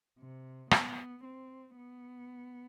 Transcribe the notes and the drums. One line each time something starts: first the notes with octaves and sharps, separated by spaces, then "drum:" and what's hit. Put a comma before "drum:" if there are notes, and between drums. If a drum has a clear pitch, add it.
C3
B3, drum: rim click
C4
B3